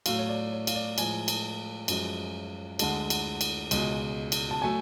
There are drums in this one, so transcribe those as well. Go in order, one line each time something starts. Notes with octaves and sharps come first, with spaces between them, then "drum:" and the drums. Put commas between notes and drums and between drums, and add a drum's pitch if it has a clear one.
A2 F#3 A3 F5, drum: cymbal
C#5
D5
C#5
F5, drum: cymbal
D5
A2 F3 G#3 G#5, drum: cymbal
drum: cymbal
F#2 F3 G#3, drum: cymbal
D2 D3 G#3 A5, drum: cymbal
drum: cymbal
drum: cymbal
C#2 B2 G#3, drum: cymbal
drum: cymbal
A5
F#3 A3 G#5